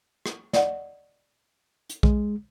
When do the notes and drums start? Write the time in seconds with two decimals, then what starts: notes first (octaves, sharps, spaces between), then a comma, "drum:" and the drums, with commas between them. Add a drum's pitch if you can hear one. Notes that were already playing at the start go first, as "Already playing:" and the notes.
0.26 drum: rim click
0.53 D5 D#5 F#5, drum: snare
1.89 drum: hi-hat
2.03 G#3, drum: kick